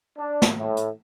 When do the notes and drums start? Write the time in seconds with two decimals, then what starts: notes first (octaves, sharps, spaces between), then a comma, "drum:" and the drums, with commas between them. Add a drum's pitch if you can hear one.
0.19 D4
0.42 drum: snare
0.57 A2
0.77 drum: hi-hat